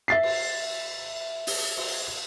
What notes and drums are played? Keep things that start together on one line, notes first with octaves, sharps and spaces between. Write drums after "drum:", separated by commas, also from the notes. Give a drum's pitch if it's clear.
E5 A6 C7
drum: cymbal
drum: open hi-hat
drum: cymbal